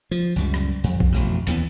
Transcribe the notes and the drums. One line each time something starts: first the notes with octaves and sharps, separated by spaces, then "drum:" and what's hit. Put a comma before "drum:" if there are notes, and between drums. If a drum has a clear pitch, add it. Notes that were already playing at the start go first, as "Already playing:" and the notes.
F3
C#2 F#2 G3
drum: rim click
F2
drum: kick A#1
A1 F2 B2
D#2 E3 B3, drum: hi-hat